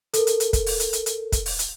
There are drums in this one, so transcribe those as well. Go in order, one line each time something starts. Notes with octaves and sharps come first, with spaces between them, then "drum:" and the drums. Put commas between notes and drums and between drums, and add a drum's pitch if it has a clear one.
A4 A#4, drum: hi-hat
drum: hi-hat
drum: hi-hat
drum: kick, hi-hat
drum: open hi-hat
drum: hi-hat
drum: hi-hat
drum: hi-hat
drum: kick, hi-hat
drum: open hi-hat
drum: hi-hat